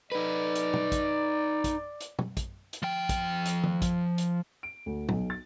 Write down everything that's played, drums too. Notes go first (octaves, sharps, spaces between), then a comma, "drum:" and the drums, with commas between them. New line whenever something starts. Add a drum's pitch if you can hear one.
D#4 B4 D5
drum: hi-hat
drum: tom
drum: kick, hi-hat
drum: kick, hi-hat
drum: hi-hat
drum: tom
drum: kick, hi-hat
drum: hi-hat
F3 G5
drum: kick, hi-hat
drum: hi-hat
drum: tom
drum: kick, hi-hat
drum: hi-hat
D7
D2
B1, drum: tom
A6